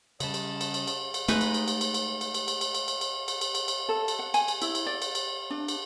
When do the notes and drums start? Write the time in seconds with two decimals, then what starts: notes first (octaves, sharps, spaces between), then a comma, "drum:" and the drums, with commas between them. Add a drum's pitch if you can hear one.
0.20 C#3 G3 C#4 D#5 A5 B5, drum: cymbal
0.34 drum: cymbal
0.61 drum: cymbal
0.74 drum: cymbal
0.87 drum: cymbal
1.14 drum: cymbal
1.28 G#3 A3 D#4 B4, drum: cymbal
1.41 drum: cymbal
1.54 drum: cymbal
1.68 drum: cymbal
1.81 drum: cymbal
1.94 drum: cymbal
2.21 drum: cymbal
2.34 drum: cymbal
2.48 drum: cymbal
2.61 drum: cymbal
2.75 drum: cymbal
2.88 drum: cymbal
3.01 drum: cymbal
3.28 drum: cymbal
3.41 drum: cymbal
3.55 drum: cymbal
3.68 drum: cymbal
3.89 A4
4.08 drum: cymbal
4.19 F#5
4.34 G#5, drum: cymbal
4.48 drum: cymbal
4.62 E4, drum: cymbal
4.75 drum: cymbal
4.86 D5
5.02 drum: cymbal
5.15 drum: cymbal
5.50 D4
5.68 drum: cymbal